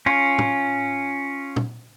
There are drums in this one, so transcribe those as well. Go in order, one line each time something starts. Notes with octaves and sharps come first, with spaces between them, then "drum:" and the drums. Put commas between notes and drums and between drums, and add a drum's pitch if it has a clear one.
C#4 F4
drum: tom
drum: tom